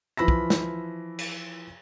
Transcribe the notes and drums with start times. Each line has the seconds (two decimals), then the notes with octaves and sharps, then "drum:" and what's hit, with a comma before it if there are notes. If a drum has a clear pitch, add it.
0.17 E3 F3 B5 E6 A#6
0.28 drum: kick
0.50 drum: snare
1.19 drum: cymbal